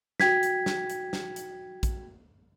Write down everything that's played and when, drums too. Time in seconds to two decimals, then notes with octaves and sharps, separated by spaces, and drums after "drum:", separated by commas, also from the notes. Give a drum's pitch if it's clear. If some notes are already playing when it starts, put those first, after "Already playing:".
0.20 F#4 G5 G#6 B6, drum: snare
0.43 drum: hi-hat
0.66 drum: snare
0.90 drum: hi-hat
1.13 drum: snare
1.36 drum: hi-hat
1.83 drum: kick, hi-hat